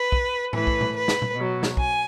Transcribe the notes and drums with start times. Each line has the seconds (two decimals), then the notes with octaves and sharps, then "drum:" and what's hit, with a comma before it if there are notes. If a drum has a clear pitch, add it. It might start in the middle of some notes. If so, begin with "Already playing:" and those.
Already playing: B4
0.12 drum: kick
0.53 A2 E3 B4, drum: tom A2
0.67 drum: kick
0.81 drum: tom A#2
0.95 B4
1.08 drum: snare
1.22 drum: tom A#2
1.35 B2 F#3
1.63 drum: snare
1.77 G#5, drum: kick